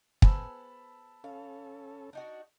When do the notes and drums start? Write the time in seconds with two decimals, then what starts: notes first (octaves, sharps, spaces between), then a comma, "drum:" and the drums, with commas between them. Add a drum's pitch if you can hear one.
0.22 B3 G#4 C5 A5 B5 E6, drum: kick
1.24 C#4 A4 F5
2.13 D4 D#4 F#4